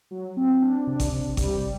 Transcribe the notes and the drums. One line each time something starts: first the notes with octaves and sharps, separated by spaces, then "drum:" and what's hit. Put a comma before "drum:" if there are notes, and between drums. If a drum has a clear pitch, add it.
F#3
C4
D4
C3
drum: kick G#1, hi-hat
C3
G3, drum: kick G#1, hi-hat